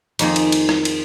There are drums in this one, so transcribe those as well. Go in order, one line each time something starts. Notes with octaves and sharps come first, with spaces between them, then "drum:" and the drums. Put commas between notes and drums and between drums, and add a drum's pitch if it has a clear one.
F2 D#3 A#3 D#4 G#4, drum: cymbal
drum: cymbal
drum: cymbal
drum: rim click
drum: cymbal